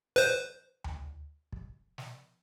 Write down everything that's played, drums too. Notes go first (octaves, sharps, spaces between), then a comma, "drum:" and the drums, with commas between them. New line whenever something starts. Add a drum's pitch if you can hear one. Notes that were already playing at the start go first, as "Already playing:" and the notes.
B4 C5, drum: snare
drum: tom D2
drum: kick
drum: snare